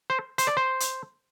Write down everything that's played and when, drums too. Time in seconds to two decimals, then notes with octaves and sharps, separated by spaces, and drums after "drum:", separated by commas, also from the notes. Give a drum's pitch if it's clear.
0.10 C5
0.38 C5, drum: hi-hat
0.47 D5
0.57 C5
0.80 drum: hi-hat